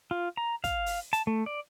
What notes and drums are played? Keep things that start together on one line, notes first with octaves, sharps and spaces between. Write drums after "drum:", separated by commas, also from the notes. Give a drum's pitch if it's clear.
F4
A#5
F5, drum: kick, hi-hat
drum: open hi-hat
A5, drum: hi-hat
A3
D5